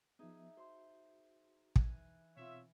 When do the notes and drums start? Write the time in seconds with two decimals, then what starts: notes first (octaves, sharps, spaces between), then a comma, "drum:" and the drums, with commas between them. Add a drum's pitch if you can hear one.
0.19 F3 B3 D#4 G#4 E5
0.57 F#4 C5 C6
1.76 E3 G#5 F#6, drum: kick
2.37 B2 C4 F4 C#5 E5